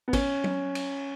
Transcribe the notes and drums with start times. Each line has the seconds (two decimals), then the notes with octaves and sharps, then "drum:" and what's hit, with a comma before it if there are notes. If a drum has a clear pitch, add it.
0.08 B3
0.13 C#4, drum: kick, cymbal
0.44 drum: tom
0.75 drum: cymbal